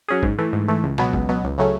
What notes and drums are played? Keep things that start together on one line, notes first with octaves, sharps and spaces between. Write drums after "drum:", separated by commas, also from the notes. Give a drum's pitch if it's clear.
F#3 C#4 G#4
G#2, drum: kick G#1
E3 A3
G#2
E3 A3
C#2
B2 F#3 B3, drum: snare
C#2, drum: kick G#1
B2 F#3 B3
C#2
C#3 F#3 A3 C#4